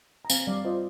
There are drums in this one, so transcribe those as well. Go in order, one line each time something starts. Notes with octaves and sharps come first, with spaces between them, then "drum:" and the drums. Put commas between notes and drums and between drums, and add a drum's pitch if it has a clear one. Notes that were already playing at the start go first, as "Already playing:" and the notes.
A#5
C4 F5 G#5, drum: tambourine
G3 D5 F5
F4 C5 D#5